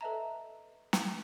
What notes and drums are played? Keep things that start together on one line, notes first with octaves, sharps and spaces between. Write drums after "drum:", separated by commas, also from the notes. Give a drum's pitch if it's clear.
A4 B4 D#5 E5 A5 A#5
drum: snare